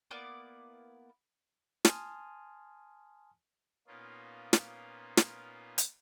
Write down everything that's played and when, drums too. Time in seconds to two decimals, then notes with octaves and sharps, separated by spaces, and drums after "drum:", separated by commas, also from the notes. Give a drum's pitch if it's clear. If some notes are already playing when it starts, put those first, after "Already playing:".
0.11 A#3 B3 E4 D5
1.85 G#5 A5 C6 D#6 F6, drum: snare
3.87 A#2 A#3 B3 C#4 D#4 F4
4.53 drum: snare
5.17 drum: snare
5.78 drum: hi-hat